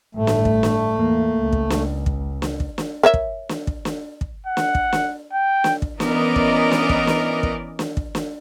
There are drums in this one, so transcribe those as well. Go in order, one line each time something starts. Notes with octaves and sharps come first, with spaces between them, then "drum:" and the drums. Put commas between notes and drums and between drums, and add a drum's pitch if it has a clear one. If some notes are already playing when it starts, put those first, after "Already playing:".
G1 A2 A3
drum: snare
drum: kick
drum: snare
E2 A#3
C#2
drum: kick
drum: snare
drum: kick
drum: snare
drum: kick
drum: snare
A#4 C#5 E5
drum: kick
drum: snare
drum: kick
drum: snare
drum: kick
F#5
drum: snare
drum: kick
drum: snare
G5
drum: snare
drum: kick
E3 B3 C#4 A#4 D5 D#5, drum: snare
drum: kick
drum: snare
drum: kick
drum: snare
drum: kick
drum: snare
drum: kick
drum: snare